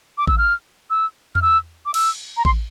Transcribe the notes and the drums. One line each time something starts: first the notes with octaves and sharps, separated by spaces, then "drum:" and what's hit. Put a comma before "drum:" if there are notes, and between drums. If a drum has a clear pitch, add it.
D6
E6, drum: kick A1
F6
E6
F6, drum: tom E2
E6
D6
E6, drum: cymbal
A#5
C6, drum: kick A1